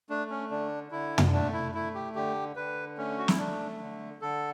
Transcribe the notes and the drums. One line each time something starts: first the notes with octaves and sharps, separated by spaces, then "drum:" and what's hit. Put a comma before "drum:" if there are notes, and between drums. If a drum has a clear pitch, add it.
A3 D4
C#4
D3 D4
D3 E4
drum: tom
A3 D4
E4
A3 E4
G4
D3 G4
D3 B4
A3 C#4
F#4
E4, drum: snare
A3 D4
D3
D3 A4